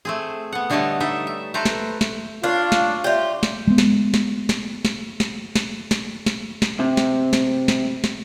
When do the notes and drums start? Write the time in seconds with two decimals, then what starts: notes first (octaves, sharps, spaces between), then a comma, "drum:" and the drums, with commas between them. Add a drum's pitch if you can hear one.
0.05 A3 C4 G#4
0.52 B3 F#5
0.70 D3 G3 A3 C#5 D#5 A5
1.00 G3 D#4 A4 E5
1.27 E5
1.54 A3 A4 B4 C5 A#5
1.65 drum: snare
2.01 drum: snare
2.44 D4 F4 C#5 F5
2.72 drum: snare
3.04 F4 G4 C#5 D5 E5
3.43 drum: snare
3.67 G#3 B3
3.78 drum: snare
4.14 drum: snare
4.49 drum: snare
4.85 drum: snare
5.20 drum: snare
5.56 drum: snare
5.91 drum: snare
6.26 drum: snare
6.62 drum: snare
6.80 C3
6.97 drum: snare
7.33 drum: snare
7.68 drum: snare
8.04 drum: snare